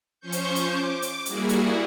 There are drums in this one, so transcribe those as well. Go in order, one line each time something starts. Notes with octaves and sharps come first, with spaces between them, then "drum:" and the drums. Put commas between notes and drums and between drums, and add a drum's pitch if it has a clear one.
F3 C#4 C5 C#6 G6
drum: hi-hat
drum: hi-hat
D6
drum: hi-hat
G3 A#3 E4 F#4 G#4, drum: hi-hat
drum: hi-hat